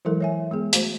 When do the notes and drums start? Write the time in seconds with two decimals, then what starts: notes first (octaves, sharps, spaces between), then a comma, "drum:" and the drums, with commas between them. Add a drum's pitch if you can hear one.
0.05 E3 F#3 G#3 E4 A4 A#4
0.20 C#5 E5 G#5
0.51 G#3 B3 G#4
0.73 A3 F#4 C5, drum: hi-hat